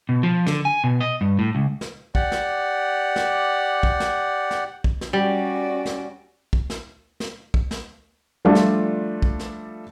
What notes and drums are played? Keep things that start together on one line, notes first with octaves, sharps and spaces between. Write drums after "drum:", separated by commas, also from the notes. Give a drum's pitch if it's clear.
B2
F3
D3, drum: snare
G#5
B2
D#5
G2
A2
C#2
drum: snare
G4 D5 F#5, drum: kick
drum: snare
drum: snare
drum: kick
drum: snare
drum: snare
drum: kick
drum: snare
G3 C#4 F#4 D5
drum: snare
drum: kick
drum: snare
drum: snare
drum: kick
drum: snare
F3 G3 A3 D4 F4
drum: snare
drum: kick
drum: snare